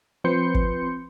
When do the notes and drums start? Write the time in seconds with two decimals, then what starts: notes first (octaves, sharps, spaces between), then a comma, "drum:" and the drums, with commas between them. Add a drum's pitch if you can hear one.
0.24 F3 C4 B4 C6 G6 C#7
0.54 drum: kick